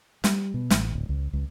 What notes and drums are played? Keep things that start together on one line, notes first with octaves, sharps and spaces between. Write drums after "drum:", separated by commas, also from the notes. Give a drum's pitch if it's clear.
G3, drum: snare
B2
A1, drum: snare
D1
C#2
C#2